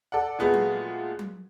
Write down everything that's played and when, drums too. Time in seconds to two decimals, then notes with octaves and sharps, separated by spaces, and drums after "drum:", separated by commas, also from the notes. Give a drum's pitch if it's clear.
0.12 A4 D5 F#5
0.39 A#2 G#3 A3 B3 F#4 G#4
0.54 drum: tom F#3
1.19 drum: tom F#3